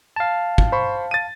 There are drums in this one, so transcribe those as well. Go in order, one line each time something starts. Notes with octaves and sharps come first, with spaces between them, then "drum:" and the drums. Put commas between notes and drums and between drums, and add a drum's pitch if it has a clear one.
F5 A5
drum: kick
C5 B5 C#6
A6 D#7